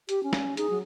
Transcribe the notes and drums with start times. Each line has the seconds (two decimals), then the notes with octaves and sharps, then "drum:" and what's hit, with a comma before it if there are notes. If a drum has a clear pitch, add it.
0.09 G4, drum: hi-hat
0.23 C#4
0.33 drum: snare
0.57 D#4 G#4, drum: hi-hat
0.70 F#3